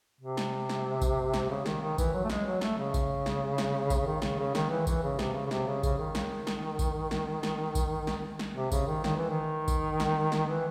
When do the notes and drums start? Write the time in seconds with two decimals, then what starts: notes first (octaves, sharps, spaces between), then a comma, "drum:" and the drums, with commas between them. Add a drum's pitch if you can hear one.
0.21 C3
0.37 drum: snare
0.69 drum: snare
1.02 drum: kick A#1, tambourine
1.34 drum: snare
1.50 C#3
1.66 D#3, drum: snare
1.81 D#3
1.98 E3, drum: kick A#1, tambourine
2.13 F#3
2.24 A3
2.30 G#3, drum: snare
2.46 F#3
2.61 A3, drum: snare
2.78 C#3
2.94 drum: kick A#1, tambourine
3.26 drum: snare
3.58 drum: snare
3.90 drum: kick A#1, tambourine
4.06 D#3
4.22 C#3, drum: snare
4.39 C#3
4.55 D#3, drum: snare
4.70 E3
4.87 E3, drum: kick A#1, tambourine
5.03 C#3
5.19 C3, drum: snare
5.34 C#3
5.46 C#3
5.51 C3, drum: snare
5.67 C#3
5.83 C#3, drum: kick A#1, tambourine
5.99 D#3
6.15 drum: snare
6.47 drum: snare
6.79 drum: kick A#1, tambourine
7.11 drum: snare
7.43 drum: snare
7.75 drum: kick A#1, tambourine
8.07 drum: snare
8.39 drum: snare
8.55 C3
8.72 C#3, drum: kick A#1, tambourine
8.87 D#3
9.04 D#3, drum: snare
9.17 E3
9.30 D#3
9.68 drum: kick A#1, tambourine
10.00 drum: snare
10.32 drum: snare
10.48 E3